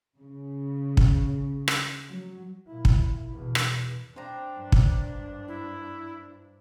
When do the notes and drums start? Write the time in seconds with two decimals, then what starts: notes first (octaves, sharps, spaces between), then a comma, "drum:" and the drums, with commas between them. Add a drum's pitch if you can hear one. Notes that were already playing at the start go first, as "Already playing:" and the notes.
0.18 C#3
0.97 drum: kick
1.68 drum: rim click
2.11 F#3
2.67 A#2 E4
2.85 drum: kick
3.32 E2 B2
3.55 drum: rim click
4.16 D4 C5 G5 A#5
4.54 G2
4.72 drum: kick
5.48 E4